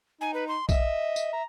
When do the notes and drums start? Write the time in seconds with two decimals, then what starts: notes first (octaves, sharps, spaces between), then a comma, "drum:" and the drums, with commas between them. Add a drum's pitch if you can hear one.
0.21 D#4 G#5
0.34 B4
0.48 C6
0.69 D#5 E5, drum: kick B1, tambourine
1.16 drum: tambourine
1.33 A#5